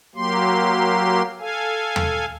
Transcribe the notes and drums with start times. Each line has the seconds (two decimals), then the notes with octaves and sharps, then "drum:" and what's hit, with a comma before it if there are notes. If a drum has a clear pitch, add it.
0.15 F#3 A#3 G4 C6
1.40 A4 F5 G#5
1.96 drum: tom D#2